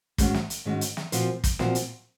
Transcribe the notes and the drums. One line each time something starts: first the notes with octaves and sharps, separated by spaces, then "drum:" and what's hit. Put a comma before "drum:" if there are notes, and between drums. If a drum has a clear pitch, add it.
G#2 D#3 G#3 C#4 F#4, drum: kick, hi-hat
drum: snare
drum: hi-hat
G#2 D#3 G#3 C#4 F#4
drum: hi-hat
drum: snare
A#2 F3 C4 F#4 C5, drum: hi-hat
drum: kick, hi-hat
A#2 F3 C4 F#4 C5, drum: snare
drum: hi-hat